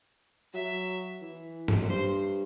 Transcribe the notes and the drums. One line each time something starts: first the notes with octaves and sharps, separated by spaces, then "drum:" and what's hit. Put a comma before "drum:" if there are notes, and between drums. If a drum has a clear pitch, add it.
F#3 E5
E3
drum: tom G2
F#2
G2 C5